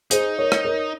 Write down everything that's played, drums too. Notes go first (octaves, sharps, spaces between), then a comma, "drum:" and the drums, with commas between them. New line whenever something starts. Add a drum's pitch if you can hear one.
D#4 G#4 C5, drum: hi-hat
A#4 C#5
drum: rim click
A#4 C#5